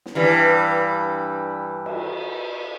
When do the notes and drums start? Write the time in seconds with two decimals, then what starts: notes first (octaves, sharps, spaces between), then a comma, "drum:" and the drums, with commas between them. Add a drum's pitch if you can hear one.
0.06 drum: snare
0.15 G2 E3 G3
1.86 drum: cymbal